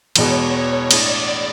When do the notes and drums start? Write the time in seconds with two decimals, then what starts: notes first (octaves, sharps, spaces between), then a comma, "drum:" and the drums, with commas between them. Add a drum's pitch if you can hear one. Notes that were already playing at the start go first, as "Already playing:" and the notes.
0.16 E1 E2 B2 G#3 B3 C#5, drum: cymbal
0.53 C#5
0.91 A2 G#3 D4 D5, drum: cymbal